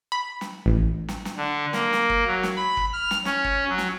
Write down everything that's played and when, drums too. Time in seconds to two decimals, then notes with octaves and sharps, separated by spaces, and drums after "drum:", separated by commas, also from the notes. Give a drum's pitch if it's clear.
0.12 B5
0.41 drum: snare
0.66 A1
1.08 drum: snare
1.25 drum: snare
1.37 D3
1.73 A#3, drum: snare
1.93 drum: snare
2.10 drum: kick
2.26 F#3
2.43 drum: snare
2.57 B5
2.77 drum: kick
2.93 F6
3.11 drum: snare
3.25 C#4, drum: snare
3.44 drum: kick
3.69 F#3
3.78 drum: snare